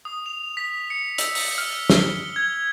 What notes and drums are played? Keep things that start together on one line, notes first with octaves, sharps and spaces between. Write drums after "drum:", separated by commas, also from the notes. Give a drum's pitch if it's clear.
D#6
F7
B6
C#7
E6, drum: hi-hat
drum: open hi-hat
F6
G7, drum: snare
G#6